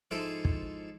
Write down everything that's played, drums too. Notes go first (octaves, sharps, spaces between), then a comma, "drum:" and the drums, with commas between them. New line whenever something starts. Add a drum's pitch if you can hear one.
G#2 F3 E4 A4 C5 D6
drum: kick